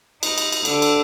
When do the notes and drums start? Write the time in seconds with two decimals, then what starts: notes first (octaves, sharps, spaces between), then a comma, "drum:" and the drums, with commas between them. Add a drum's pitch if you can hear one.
0.23 D#4, drum: cymbal
0.38 drum: cymbal
0.52 drum: cymbal
0.65 D3, drum: cymbal
0.82 drum: cymbal